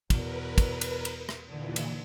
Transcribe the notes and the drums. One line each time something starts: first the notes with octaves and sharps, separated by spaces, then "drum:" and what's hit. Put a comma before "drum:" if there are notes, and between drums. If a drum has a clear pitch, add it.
E2 B2 A#4 B4, drum: kick, cymbal
drum: kick, cymbal
drum: cymbal
drum: cymbal
drum: rim click
D#2 A#2 D3 E3
drum: cymbal